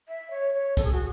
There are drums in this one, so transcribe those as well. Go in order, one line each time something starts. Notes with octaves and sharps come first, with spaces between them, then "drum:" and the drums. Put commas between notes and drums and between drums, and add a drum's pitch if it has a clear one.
E5
C#5
C#5
A4, drum: kick, hi-hat
G#4
F#4